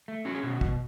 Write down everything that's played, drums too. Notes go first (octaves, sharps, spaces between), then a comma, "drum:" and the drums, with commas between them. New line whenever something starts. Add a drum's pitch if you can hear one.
A3
C#4 F#4
G#4
B2 F#4
B2, drum: kick